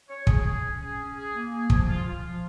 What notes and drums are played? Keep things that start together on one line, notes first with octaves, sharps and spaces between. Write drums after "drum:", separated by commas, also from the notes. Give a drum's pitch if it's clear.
C#5
G#4, drum: kick
G#4
C#4
G#4
C#4
G#4
A#3
G#4
F3, drum: kick
F4
F4
F3